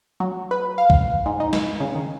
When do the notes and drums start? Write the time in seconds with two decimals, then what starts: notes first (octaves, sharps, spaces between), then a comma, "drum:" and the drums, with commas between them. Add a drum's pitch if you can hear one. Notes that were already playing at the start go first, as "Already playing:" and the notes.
0.20 F#3
0.51 B4
0.78 F5
0.90 drum: kick
1.26 G#2
1.40 D#4
1.53 drum: snare
1.80 C#3
1.95 D#3